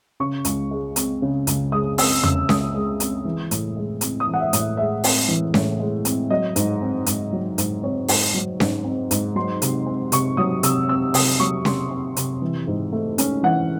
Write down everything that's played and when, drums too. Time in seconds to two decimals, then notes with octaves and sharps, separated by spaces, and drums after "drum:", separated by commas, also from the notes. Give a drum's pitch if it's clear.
0.20 C#3 C#6
0.45 C#2, drum: hi-hat
0.71 G#3
0.96 C4, drum: hi-hat
1.22 C#3
1.47 C#2, drum: hi-hat
1.72 G#3 D#6
1.98 C4 E6, drum: open hi-hat
2.23 C#3 E6, drum: tom E2
2.49 C#2 D#6, drum: snare C#4
2.74 G#3
3.00 C4, drum: hi-hat
3.25 E3
3.51 A2, drum: hi-hat
3.77 G#3
4.01 C4, drum: hi-hat
4.20 D#6
4.27 E3
4.34 F#5
4.40 E5
4.53 A2, drum: hi-hat
4.59 E5
4.77 G#3 E5
5.04 C4, drum: open hi-hat
5.28 E3
5.54 A2, drum: snare C#4
5.80 G#3
6.05 C4, drum: hi-hat
6.30 F#3 D#5
6.56 G#2, drum: hi-hat
6.82 C4
7.06 G#2, drum: hi-hat
7.33 F#3
7.58 G#2, drum: hi-hat
7.83 C4 C#5
8.08 G#2, drum: open hi-hat
8.34 F#3
8.60 G#2, drum: snare C#4
8.85 C4
9.11 G#2, drum: hi-hat
9.36 F#3 C6
9.62 C3, drum: hi-hat
9.86 C4
10.12 C3 C#6, drum: hi-hat
10.37 F#3 D#6
10.63 C3 E6, drum: hi-hat
10.89 C4 E6
11.14 C3 D#6, drum: open hi-hat
11.40 F#3 C#6
11.65 C3 C6, drum: snare C#4
11.91 C4
12.16 C3, drum: hi-hat
12.42 E3
12.67 G#2
12.92 A3
13.18 C#4, drum: hi-hat
13.43 E3 F#5